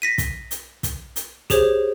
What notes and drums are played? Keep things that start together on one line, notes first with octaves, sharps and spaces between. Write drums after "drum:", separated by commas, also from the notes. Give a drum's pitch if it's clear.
A#6 B6 D#7
drum: kick, hi-hat
drum: hi-hat
drum: kick, hi-hat
drum: hi-hat
G4 G#4 C5 C#5, drum: kick, hi-hat